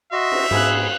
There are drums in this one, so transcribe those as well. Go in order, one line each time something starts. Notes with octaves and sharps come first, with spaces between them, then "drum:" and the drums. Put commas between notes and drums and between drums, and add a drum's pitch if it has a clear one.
F#4 D#5 E5 C6
drum: cymbal
G#2 B3 F#4 G#4 F5 B5 F#6